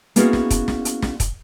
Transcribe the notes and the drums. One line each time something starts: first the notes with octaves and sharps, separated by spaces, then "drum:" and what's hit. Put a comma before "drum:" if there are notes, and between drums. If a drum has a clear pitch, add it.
A#3 B3 C#4 E4 F#4 G#4, drum: hi-hat
drum: snare
drum: kick, hi-hat
drum: snare
drum: hi-hat
drum: snare
drum: kick, hi-hat